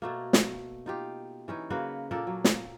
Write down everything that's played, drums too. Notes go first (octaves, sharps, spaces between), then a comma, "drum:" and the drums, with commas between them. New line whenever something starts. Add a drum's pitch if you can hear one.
B2 A3 A#3
drum: snare
D#4 F4 G4
E3 C#4 D#4
C#3 A#3 F#4 B4
A#2 A#3 A4 D5
F#3
drum: snare